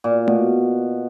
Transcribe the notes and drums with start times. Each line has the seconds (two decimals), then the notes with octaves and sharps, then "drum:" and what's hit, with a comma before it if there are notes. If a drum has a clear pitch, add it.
0.04 A#2
0.28 B2, drum: tom A3